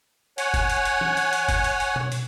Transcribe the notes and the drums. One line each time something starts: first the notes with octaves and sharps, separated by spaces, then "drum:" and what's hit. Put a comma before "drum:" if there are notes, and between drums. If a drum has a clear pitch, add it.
C#5 F#5 G#5, drum: hi-hat
drum: kick F#1, hi-hat
drum: hi-hat
drum: hi-hat
drum: tom E3
drum: hi-hat
drum: hi-hat
drum: kick F#1, hi-hat
drum: hi-hat
drum: hi-hat
drum: tom B2
drum: hi-hat